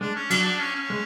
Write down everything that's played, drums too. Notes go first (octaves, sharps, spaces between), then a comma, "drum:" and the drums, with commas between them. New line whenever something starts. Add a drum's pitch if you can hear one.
G#3 D4
C#4
F#3 D4, drum: cymbal
D4
C#4
C#4
G#3